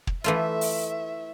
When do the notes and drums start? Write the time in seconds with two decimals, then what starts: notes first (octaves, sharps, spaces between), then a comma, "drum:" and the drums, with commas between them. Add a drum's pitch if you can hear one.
0.07 drum: kick
0.24 E3 A3 F4 E5
0.61 drum: open hi-hat